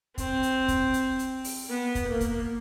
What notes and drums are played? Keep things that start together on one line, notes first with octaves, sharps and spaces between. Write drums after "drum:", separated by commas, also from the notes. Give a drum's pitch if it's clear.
C4, drum: kick, hi-hat
drum: hi-hat
drum: kick, hi-hat
drum: hi-hat
drum: hi-hat
drum: open hi-hat
B3
drum: kick, hi-hat
A#3
drum: kick, hi-hat